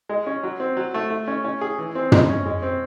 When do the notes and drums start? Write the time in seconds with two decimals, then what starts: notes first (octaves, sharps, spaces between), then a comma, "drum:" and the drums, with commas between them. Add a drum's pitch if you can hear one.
0.09 G#3
0.27 C#4
0.43 F#3
0.60 C4
0.77 F#3
0.94 A3
1.10 A3
1.28 C#4
1.44 C#4
1.61 G#4
1.79 E3
1.95 C4
2.12 G#3, drum: tom
2.29 C#4
2.46 G#3
2.62 C4